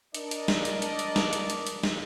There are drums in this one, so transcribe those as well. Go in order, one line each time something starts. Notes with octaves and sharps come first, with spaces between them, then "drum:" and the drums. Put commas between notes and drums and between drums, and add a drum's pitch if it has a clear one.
D4 A#4 D5 D#5, drum: hi-hat
drum: hi-hat
drum: snare
drum: hi-hat
drum: hi-hat
drum: hi-hat
drum: snare
drum: hi-hat
drum: hi-hat
drum: hi-hat
drum: snare